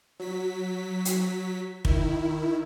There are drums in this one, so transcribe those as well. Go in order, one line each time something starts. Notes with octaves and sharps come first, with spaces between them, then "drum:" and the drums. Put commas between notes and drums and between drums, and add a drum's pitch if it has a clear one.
F#3 B6
drum: hi-hat
D#3 E4, drum: kick